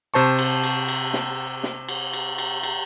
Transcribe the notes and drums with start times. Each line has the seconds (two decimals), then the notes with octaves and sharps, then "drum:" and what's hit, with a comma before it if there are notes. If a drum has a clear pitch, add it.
0.14 C3 C5 A5 C#6
0.39 drum: cymbal
0.64 drum: cymbal
0.89 drum: cymbal
1.14 drum: snare
1.64 drum: snare
1.88 drum: cymbal
2.13 drum: cymbal
2.38 drum: cymbal
2.63 drum: cymbal